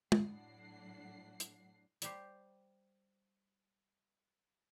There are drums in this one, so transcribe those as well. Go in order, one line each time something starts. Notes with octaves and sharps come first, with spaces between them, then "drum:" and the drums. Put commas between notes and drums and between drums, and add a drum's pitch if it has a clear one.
A2 F#3 D4 F#5 C7, drum: tom
drum: hi-hat
G3 G4 C5, drum: hi-hat